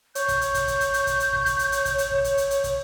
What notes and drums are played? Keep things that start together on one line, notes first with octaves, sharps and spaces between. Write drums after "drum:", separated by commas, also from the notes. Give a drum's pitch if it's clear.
C#5 G6, drum: hi-hat
drum: kick, hi-hat
drum: hi-hat
drum: kick, hi-hat
drum: kick, hi-hat
drum: hi-hat
drum: hi-hat
drum: kick, hi-hat
drum: hi-hat
drum: kick
drum: kick, hi-hat
drum: hi-hat
drum: hi-hat
drum: kick, hi-hat
drum: hi-hat
drum: kick
drum: kick, hi-hat
drum: hi-hat
drum: hi-hat
drum: kick, hi-hat